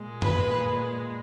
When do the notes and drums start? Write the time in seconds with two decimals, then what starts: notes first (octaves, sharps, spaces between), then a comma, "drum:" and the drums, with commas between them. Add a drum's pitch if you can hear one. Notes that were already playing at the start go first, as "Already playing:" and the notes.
Already playing: A#2 G#3
0.22 B4, drum: tom F#2